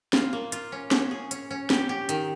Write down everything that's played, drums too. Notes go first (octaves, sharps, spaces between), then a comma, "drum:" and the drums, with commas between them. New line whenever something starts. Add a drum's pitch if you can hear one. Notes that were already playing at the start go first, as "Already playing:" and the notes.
F4, drum: snare
A#3
F4, drum: hi-hat
C#4
C#4, drum: snare
G#4
C#4, drum: hi-hat
C#4
G4, drum: snare
G4
D#3, drum: hi-hat